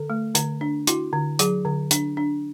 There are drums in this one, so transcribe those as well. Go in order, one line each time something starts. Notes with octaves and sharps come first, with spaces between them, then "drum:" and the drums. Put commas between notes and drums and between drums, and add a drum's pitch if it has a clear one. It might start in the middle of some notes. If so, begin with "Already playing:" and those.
Already playing: D3 A4
A3
D3, drum: hi-hat
D4
E4 F#4, drum: hi-hat
D3
F#3 G#4, drum: hi-hat
D3
D4, drum: hi-hat
D4